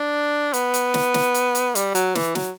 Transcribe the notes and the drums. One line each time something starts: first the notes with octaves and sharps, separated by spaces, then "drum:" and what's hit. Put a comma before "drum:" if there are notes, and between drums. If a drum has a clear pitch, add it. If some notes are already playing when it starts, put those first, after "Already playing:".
Already playing: D4
B3, drum: hi-hat
drum: hi-hat
drum: snare
drum: snare
drum: hi-hat
drum: hi-hat
G3, drum: hi-hat
F#3, drum: hi-hat
E3, drum: snare
F#3, drum: snare